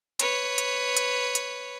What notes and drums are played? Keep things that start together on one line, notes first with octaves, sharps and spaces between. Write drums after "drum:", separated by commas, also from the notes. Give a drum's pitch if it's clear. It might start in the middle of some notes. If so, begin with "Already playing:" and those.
B4 C#5, drum: hi-hat
drum: hi-hat
drum: hi-hat
drum: hi-hat